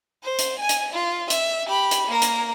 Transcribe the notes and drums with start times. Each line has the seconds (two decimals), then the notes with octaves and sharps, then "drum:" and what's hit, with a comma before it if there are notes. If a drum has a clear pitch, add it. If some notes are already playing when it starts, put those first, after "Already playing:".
0.23 C5
0.39 drum: hi-hat
0.59 G#5
0.69 drum: hi-hat
0.93 F4
1.30 E5, drum: hi-hat
1.67 G4 B5
1.91 drum: hi-hat
2.07 A#3 A#4
2.22 drum: hi-hat